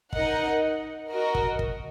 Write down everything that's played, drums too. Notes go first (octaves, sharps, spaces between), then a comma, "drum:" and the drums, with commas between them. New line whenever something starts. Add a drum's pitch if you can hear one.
D#4 A#4 D#5 F#5, drum: kick
F#4 A#4 D#5
drum: kick
drum: kick